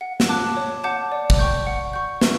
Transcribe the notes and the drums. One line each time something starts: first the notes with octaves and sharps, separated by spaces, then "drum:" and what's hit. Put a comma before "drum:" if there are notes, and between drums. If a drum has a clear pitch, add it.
F#5
drum: snare
A5 D6 F#6
C#5
F#5 A5 D6 G6
D5
drum: kick
G5 C#6 G6
F#5
C#6 G6
B4, drum: snare